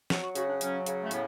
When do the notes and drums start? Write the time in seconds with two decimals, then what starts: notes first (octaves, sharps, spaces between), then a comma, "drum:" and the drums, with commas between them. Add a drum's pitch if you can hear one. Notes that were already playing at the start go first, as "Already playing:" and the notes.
0.10 F#3, drum: snare
0.23 F#4
0.35 C#3 F#4, drum: hi-hat
0.49 D4
0.61 F#3 C#4, drum: hi-hat
0.86 C#3, drum: hi-hat
1.02 A3
1.11 A2 B3, drum: hi-hat